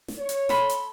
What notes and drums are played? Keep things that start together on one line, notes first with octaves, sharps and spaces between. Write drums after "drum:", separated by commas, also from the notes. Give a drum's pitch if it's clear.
drum: snare
C#5
drum: hi-hat
A4 B5 C6, drum: snare
drum: hi-hat